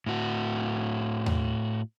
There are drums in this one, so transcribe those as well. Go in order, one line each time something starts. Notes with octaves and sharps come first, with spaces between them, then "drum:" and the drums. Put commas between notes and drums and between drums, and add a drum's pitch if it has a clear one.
A2 F#4
drum: tom D#2